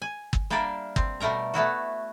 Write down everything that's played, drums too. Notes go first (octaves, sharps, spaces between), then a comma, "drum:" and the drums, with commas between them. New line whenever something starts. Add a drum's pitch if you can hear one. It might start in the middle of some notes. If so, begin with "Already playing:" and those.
G#5
drum: kick
G3 A#3 D4 A#4 D5 E5
C4, drum: kick
B2 G3 A3 A#4 A#5
A3 B3 E4 F#4